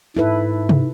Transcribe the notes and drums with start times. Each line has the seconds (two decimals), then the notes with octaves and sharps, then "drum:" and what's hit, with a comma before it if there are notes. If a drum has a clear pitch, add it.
0.17 G#2 E4 A4 B4
0.69 drum: tom C3